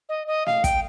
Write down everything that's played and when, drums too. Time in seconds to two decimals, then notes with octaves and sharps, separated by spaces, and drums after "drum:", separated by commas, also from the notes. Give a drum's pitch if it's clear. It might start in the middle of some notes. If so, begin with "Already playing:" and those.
0.09 D#5
0.27 D#5
0.46 F5, drum: snare
0.64 G5, drum: kick, hi-hat